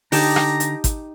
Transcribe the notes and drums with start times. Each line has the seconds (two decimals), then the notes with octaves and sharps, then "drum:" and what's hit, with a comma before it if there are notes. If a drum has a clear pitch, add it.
0.12 D3 D#4 G4 A5 A#5, drum: open hi-hat
0.36 drum: rim click
0.60 drum: hi-hat
0.84 drum: kick, hi-hat